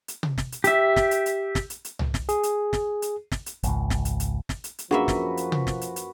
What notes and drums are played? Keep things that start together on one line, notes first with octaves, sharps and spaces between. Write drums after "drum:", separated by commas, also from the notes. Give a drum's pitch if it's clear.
drum: hi-hat
drum: tom C3
drum: snare
drum: hi-hat
G4 E5, drum: hi-hat
drum: snare
drum: hi-hat
drum: hi-hat
drum: snare
drum: hi-hat
drum: hi-hat
drum: tom C2
drum: snare
G#4, drum: hi-hat
drum: hi-hat
drum: snare
drum: hi-hat
drum: snare
drum: hi-hat
G#1 C#2, drum: hi-hat
drum: snare
drum: hi-hat
drum: hi-hat
drum: snare
drum: hi-hat
drum: hi-hat
F#2 F3 A#3 D4 F#4 G#4 B4 E5
drum: snare
drum: hi-hat
drum: tom C3
drum: snare
drum: hi-hat
drum: hi-hat